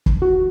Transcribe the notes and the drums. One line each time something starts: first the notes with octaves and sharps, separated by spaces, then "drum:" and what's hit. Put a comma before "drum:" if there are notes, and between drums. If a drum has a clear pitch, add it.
drum: kick
F#4